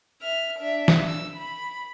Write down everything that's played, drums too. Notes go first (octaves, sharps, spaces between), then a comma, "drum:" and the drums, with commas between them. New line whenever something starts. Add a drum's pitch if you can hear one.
E5 F6
D4 E5
drum: snare
E6
B5